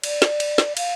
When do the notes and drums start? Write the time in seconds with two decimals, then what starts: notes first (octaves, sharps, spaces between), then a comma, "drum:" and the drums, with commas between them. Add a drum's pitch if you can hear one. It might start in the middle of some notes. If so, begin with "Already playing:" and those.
0.03 D5, drum: cymbal
0.22 drum: snare
0.40 drum: cymbal
0.58 drum: snare
0.77 F5, drum: cymbal